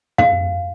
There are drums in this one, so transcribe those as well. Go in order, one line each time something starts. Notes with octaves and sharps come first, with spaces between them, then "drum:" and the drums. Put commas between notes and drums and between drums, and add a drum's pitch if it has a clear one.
F5, drum: tom